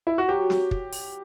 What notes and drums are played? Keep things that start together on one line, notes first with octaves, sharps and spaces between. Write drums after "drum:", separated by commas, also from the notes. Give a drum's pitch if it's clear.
E4
F#4
F#3 G4
drum: snare
drum: kick
drum: open hi-hat